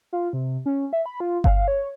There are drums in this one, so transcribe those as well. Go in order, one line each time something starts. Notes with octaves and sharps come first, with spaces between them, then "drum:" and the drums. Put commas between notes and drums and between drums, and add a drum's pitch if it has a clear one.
F4
C3
C#4
E5
B5
F4
F5, drum: kick G1
C#5